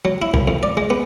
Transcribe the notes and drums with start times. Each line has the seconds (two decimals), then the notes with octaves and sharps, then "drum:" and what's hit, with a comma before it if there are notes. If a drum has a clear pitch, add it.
0.05 F#3
0.22 E4
0.34 C2, drum: kick
0.48 F2
0.63 D5
0.77 G#3
0.90 B3